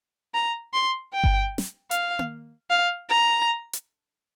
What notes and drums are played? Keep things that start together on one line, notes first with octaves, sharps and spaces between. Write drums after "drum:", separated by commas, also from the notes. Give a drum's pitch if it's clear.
A#5
C6
G5
drum: kick G1
drum: snare
F5, drum: hi-hat
drum: tom A#3
F5
A#5
drum: hi-hat